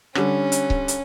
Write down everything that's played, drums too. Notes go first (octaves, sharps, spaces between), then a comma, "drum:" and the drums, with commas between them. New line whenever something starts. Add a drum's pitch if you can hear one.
D3 G3 C#4, drum: rim click
drum: hi-hat
drum: kick C#1
drum: hi-hat